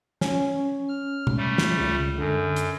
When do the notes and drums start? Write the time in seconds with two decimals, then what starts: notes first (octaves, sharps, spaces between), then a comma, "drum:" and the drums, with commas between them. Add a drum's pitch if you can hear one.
0.21 C#4, drum: snare
0.89 F6
1.27 drum: tom B2
1.37 G3 A3
1.58 drum: snare
1.77 C#2 C#3
2.18 F#2 D3
2.56 drum: hi-hat